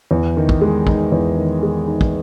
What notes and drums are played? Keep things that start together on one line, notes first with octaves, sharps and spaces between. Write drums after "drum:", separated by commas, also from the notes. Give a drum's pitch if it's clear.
E2
D#3
drum: kick
G#3
D#4, drum: kick
E2
D#3
G#3
D#4
drum: kick